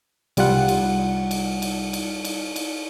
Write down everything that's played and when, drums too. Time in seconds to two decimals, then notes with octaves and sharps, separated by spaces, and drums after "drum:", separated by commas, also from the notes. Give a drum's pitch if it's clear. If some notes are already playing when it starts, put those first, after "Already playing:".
0.37 C2 G3 F4 F#5, drum: cymbal
0.68 drum: cymbal
1.31 drum: cymbal
1.62 drum: cymbal
1.93 drum: cymbal
2.25 drum: cymbal
2.56 drum: cymbal